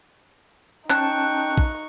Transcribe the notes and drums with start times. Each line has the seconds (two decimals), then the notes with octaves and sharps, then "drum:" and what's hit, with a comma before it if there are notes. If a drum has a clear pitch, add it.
0.90 C#4 D#4 G5 A5 C#6 F#6, drum: clap
1.57 drum: kick A#1